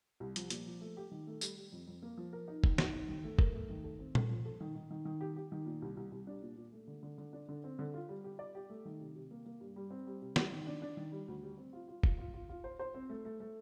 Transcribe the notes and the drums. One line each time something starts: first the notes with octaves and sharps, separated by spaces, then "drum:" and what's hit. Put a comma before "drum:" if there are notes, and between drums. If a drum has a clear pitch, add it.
C2
F3, drum: hi-hat
A#2, drum: hi-hat
F3
A3
G4
D#3
A3
G3, drum: tambourine
G3
F2
F2
A#3
F3
A#4
D#4
D#3, drum: kick F#1
D#4, drum: snare
D#4
D#3
A3
A#4, drum: kick F#1
A3
D#3
A4
C4
A4, drum: tom A#2
F3
A4
D#3
D#3
D#3
D#3
G4
G4
D#3
A#2
C2
C2
C2
D4
A#2
A#2
A3
D3
D3
D3
D4
D3
C4
D3
F4
G3
G4
D5
G4
A3
D#3
C3
C3
A#3
A#3
G2
G3
C4
G3
C3
G3, drum: snare
D#3
D4
D4
D#3
G3
D2
G3
C4
F4
F4
F4, drum: kick F#1
F4
F4
F4
C5
C5
C4
A3
A3
A3